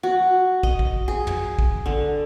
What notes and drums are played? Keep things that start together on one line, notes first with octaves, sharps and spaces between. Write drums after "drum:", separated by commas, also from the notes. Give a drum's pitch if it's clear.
F#4
D#5, drum: kick
drum: kick
G#4
drum: tom
drum: kick
D3